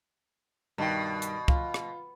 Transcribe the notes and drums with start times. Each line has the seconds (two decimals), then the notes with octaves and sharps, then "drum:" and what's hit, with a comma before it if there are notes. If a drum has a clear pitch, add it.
0.78 G2 B2 D#3 G5
1.22 drum: hi-hat
1.48 F4, drum: kick
1.74 drum: rim click